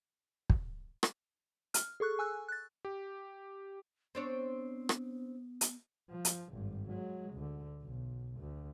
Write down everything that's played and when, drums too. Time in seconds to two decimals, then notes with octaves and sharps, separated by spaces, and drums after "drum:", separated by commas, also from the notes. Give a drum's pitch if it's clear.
0.50 drum: kick
1.03 drum: rim click
1.74 F6, drum: hi-hat
2.00 G#4 A4 C#6 F#6
2.19 G#5 E6 F#6
2.48 F#6 A6
2.85 G4
4.15 B3 C4 D4 C#5
4.89 drum: rim click
5.61 drum: hi-hat
6.10 F3
6.25 drum: hi-hat
6.50 G#1 G2
6.89 F#3 G#3
7.34 D2 D3
7.83 B1
8.40 D2